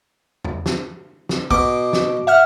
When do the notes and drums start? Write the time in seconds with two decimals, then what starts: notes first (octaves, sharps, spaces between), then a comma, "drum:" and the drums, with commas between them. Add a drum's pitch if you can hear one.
0.44 drum: tom E2
0.66 drum: snare
1.29 drum: snare
1.51 B2 D6, drum: kick
1.93 drum: snare
2.27 E5 F#5 F6